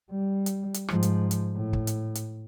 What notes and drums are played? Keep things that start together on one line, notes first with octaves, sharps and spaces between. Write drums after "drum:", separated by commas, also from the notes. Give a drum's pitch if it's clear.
G3
drum: hi-hat
drum: hi-hat
G#2 F3, drum: rim click
drum: hi-hat
drum: hi-hat
A2
drum: kick
drum: hi-hat
drum: hi-hat